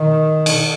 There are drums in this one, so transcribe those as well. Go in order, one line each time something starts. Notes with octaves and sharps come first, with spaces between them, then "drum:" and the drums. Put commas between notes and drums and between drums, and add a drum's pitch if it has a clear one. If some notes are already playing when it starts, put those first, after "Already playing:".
Already playing: D#3
drum: cymbal